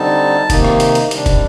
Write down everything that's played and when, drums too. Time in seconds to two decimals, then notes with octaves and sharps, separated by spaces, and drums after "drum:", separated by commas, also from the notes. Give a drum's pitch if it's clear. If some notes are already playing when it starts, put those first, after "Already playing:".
Already playing: D3 G3 C4 D#4 A5
0.50 C3 D#3 A#3 D#4, drum: kick, hi-hat
0.65 drum: rim click
0.80 drum: hi-hat
0.95 drum: hi-hat
1.11 C3 D#3 G3 D4, drum: hi-hat
1.26 drum: kick, hi-hat